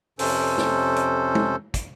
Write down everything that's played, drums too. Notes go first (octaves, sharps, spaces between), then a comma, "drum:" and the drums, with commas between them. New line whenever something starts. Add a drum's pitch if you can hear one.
F2 C3 C#4 A4 C5, drum: open hi-hat
drum: snare
drum: hi-hat
drum: tom
drum: kick, hi-hat